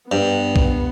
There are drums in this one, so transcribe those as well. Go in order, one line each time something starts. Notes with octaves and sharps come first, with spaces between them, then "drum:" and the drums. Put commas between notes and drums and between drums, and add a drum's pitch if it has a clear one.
G2 B3
drum: kick B1